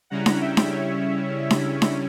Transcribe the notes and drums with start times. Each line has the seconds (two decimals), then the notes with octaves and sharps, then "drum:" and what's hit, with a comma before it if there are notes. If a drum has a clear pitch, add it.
0.10 C#3 G3 C#4 E4 F#5 A#5
0.26 drum: snare D4
0.41 E5 G5
0.57 drum: snare D4
0.72 C#5 E5
1.51 drum: snare D4
1.82 drum: snare D4